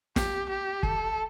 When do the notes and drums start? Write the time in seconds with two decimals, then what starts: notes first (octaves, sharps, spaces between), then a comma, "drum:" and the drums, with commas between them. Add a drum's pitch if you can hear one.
0.16 G4, drum: snare
0.49 G4
0.83 A4, drum: kick